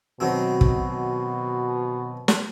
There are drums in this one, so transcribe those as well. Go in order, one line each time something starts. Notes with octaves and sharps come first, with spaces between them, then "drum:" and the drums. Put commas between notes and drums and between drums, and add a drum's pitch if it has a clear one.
B2 D#3 F#3 C4
drum: kick
drum: snare